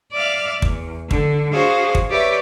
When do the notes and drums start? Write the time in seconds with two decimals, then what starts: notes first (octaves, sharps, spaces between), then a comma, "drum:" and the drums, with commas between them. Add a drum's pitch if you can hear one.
0.12 D5 E5 F5 F6
0.62 E2, drum: kick
1.11 D3, drum: kick
1.51 D4 F#4 G#4 C5 F5
1.95 drum: kick
2.11 G4 B4 C#5 D5 E5 D6